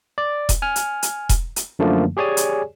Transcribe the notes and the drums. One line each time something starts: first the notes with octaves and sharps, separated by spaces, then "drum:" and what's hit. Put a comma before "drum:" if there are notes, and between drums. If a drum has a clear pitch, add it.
D5
drum: kick E1, hi-hat
G#5 F6
drum: hi-hat
drum: hi-hat
drum: kick E1, hi-hat
drum: hi-hat
F#2 D3 F3 A3 A#3
G4 G#4 C#5 D5 G#5
drum: hi-hat